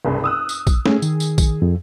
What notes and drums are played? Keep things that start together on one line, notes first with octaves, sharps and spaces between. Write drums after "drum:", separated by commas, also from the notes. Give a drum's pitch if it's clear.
F#1 C2 G2
D#6 E6 F#6
drum: tambourine
drum: kick A#1, tambourine
A3 C#4 G#4, drum: snare
D#3, drum: tambourine
drum: tambourine
drum: kick A#1, tambourine
F2